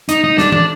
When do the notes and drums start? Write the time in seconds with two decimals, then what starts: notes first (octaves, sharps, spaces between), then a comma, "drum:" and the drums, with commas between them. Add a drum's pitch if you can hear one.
0.09 D#4, drum: hi-hat
0.24 D#4
0.38 D4, drum: snare
0.52 D4, drum: tom